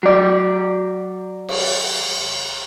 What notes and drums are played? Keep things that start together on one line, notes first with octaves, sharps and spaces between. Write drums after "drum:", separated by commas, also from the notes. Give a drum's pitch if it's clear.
F#3 D5
drum: cymbal